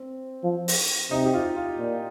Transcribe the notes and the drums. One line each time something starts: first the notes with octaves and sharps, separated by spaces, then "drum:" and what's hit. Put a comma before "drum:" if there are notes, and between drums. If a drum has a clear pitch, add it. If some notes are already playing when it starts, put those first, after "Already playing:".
Already playing: C4
F3
drum: open hi-hat
C3 D#4
G4
F4
F4
A#2